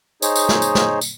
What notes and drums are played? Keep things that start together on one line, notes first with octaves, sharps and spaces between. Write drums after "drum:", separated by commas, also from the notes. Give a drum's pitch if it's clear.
D#4 G#4 C5 C#5 D#5, drum: tambourine
drum: tambourine
drum: snare
drum: tambourine
drum: snare
drum: tambourine